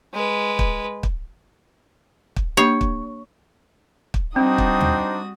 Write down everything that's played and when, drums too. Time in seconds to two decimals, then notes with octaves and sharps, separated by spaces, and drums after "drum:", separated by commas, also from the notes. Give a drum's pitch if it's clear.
0.13 G#3 B4
0.59 drum: kick
1.03 drum: kick
2.36 drum: kick
2.57 A#3 D4 G4 C#5
2.81 drum: kick
4.14 drum: kick
4.36 G3 C4 D4 D#4 F#4 C5 G5 D#6
4.58 drum: kick
4.81 drum: tom